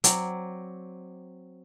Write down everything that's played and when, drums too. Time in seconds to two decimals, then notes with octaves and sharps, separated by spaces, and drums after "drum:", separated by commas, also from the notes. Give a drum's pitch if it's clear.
0.04 F#3 C4 D5, drum: hi-hat